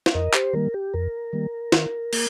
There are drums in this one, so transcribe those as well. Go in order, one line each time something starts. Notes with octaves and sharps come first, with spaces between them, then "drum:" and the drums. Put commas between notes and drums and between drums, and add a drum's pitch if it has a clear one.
F5, drum: snare
F2 A#4 D#5
G4 C5, drum: clap
D#3 G3 A#3 A#4
G4
F2 A#4
D#3 G3 A#3
D#3, drum: snare
A#3, drum: cymbal